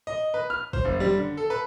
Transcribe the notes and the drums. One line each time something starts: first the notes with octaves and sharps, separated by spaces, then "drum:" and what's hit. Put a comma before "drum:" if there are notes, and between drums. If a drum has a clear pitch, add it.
D#5
B4
F6
C5, drum: kick
F#1
G3
D3
A4
B4